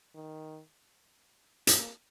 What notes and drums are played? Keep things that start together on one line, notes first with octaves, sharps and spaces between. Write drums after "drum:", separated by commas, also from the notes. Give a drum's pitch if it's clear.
D#3
A#3, drum: hi-hat